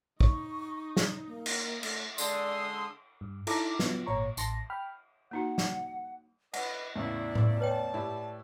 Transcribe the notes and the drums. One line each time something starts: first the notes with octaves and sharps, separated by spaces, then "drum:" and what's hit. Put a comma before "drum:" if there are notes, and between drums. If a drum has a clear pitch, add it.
D#4 C#6, drum: kick
drum: snare
A#3
drum: cymbal
A3, drum: cymbal
D3 G#3 D5 C6 D#6 E6, drum: tambourine
G2
D#4 E4 A4 A#5 D6, drum: cymbal
F#3 B3 F4, drum: snare
G#1 A#2 C#5 A#5 C#6
A1 A5 C6 A#6, drum: hi-hat
G5 B5 F6
A#3 D#4 F#4 F#5
drum: snare
B4 D#5 F#5, drum: cymbal
E2 A2 C#3 E4 D5
drum: tom A2
B4 C#5 G5 A5
A2 E4 G4